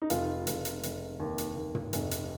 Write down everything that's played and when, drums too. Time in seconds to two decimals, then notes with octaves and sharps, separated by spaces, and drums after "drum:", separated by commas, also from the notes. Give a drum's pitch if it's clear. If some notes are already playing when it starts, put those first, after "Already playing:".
0.02 D#4
0.10 F1 F4, drum: hi-hat
0.47 F1, drum: hi-hat
0.65 drum: hi-hat
0.83 F1, drum: hi-hat
1.20 D#2
1.38 drum: hi-hat
1.56 D#2
1.75 drum: tom
1.93 F1, drum: hi-hat
2.11 drum: hi-hat